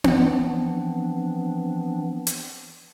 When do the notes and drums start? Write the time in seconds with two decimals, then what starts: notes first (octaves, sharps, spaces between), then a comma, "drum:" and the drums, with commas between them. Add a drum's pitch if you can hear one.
0.04 drum: tom B3
0.24 E3 F3 B3 C4 D4
2.27 drum: hi-hat